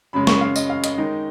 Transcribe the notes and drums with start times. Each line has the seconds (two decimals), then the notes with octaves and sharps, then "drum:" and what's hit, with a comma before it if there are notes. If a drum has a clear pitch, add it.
0.13 F#2 C#3 G#3 B5
0.27 C#6, drum: snare
0.41 F5
0.56 D#5, drum: tambourine
0.70 F5
0.84 D#5, drum: hi-hat
0.98 D#3 G#3 D#4